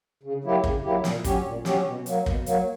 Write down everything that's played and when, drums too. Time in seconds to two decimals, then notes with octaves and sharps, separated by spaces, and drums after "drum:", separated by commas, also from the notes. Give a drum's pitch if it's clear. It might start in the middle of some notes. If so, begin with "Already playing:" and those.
0.23 C#3
0.44 F#3 A#3 E4 G4
0.64 C#3, drum: kick
0.84 F#3 A#3 E4 G4
1.04 A#2, drum: snare
1.24 F#3 C#4 G4, drum: kick, hi-hat
1.45 A#2
1.65 F#3 C#4 G4, drum: snare
1.86 B2
2.06 F#3 A#3, drum: hi-hat
2.26 B2, drum: kick
2.46 F#3 A#3, drum: hi-hat